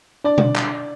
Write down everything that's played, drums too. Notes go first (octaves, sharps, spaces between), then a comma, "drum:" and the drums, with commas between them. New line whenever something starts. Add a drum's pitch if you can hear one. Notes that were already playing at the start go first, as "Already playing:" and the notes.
D4 D5
drum: tom
drum: clap